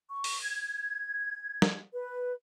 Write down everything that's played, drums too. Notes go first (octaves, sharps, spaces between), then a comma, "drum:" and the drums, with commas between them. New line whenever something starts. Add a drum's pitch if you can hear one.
C#6
drum: open hi-hat
G#6
drum: snare
B4